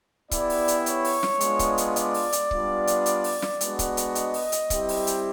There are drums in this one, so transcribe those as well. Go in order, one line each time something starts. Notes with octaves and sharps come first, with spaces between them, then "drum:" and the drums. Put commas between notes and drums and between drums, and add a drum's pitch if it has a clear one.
B3 E4 G4 D5, drum: kick C#1, hi-hat
drum: open hi-hat
drum: hi-hat
C#5, drum: hi-hat
drum: open hi-hat
drum: snare
G#3 B3 D4 F4, drum: hi-hat
drum: kick C#1, hi-hat
drum: hi-hat
D5, drum: hi-hat
drum: open hi-hat
drum: hi-hat
G3 B3 D4 F4, drum: kick C#1
drum: hi-hat
drum: hi-hat
drum: open hi-hat
drum: snare
G#3 B3 D4 F#4, drum: hi-hat
drum: kick C#1, hi-hat
drum: hi-hat
D#5, drum: hi-hat
drum: open hi-hat
drum: hi-hat
G3 C4 E4 G4, drum: kick C#1, hi-hat
drum: open hi-hat
drum: hi-hat